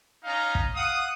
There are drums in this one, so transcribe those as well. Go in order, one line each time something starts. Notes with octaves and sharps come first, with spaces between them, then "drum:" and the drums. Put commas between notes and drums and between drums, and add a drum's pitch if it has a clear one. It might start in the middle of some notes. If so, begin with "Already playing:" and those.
C#4 D#4 F5 A#5
drum: kick
F5 F#5 D#6